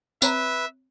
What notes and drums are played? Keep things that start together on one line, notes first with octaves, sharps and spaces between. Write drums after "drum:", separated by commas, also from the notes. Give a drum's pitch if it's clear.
C4 B4 C#5 E5 A#5, drum: tambourine